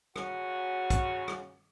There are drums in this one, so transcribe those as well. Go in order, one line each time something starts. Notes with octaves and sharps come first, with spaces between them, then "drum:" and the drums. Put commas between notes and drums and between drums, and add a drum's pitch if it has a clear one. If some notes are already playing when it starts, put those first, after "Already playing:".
A#2 C#3 C#4 F#4, drum: rim click
drum: kick, hi-hat
drum: rim click